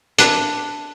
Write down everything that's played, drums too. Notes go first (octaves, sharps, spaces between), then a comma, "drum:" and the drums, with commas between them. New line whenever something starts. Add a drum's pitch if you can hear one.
D4 B4 E5, drum: hi-hat